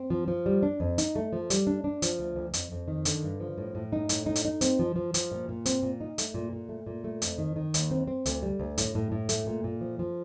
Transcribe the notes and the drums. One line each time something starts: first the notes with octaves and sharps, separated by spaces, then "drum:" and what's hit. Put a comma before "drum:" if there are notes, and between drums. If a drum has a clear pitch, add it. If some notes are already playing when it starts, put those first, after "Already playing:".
Already playing: C4
F3
F3
G3
D4
F2
D#4, drum: hi-hat
A3
F3
G3, drum: hi-hat
D4
D4
F3, drum: hi-hat
D2
D2
F2, drum: hi-hat
F2
D#3
D3, drum: hi-hat
G2
F3
A2
A2
D#4
A2, drum: hi-hat
D#4
drum: hi-hat
D#4
C4, drum: hi-hat
F3
F3
F3, drum: hi-hat
A#2
A#2
C4, drum: hi-hat
A#2
D#4
A3, drum: hi-hat
A#2
A#2
A3
A#2
A3
F2, drum: hi-hat
D#3
D#3
D#2, drum: hi-hat
C4
C4
D2, drum: hi-hat
G3
D2
A2, drum: hi-hat
A2
A2
A3, drum: hi-hat
A#2
A#2
F3
F3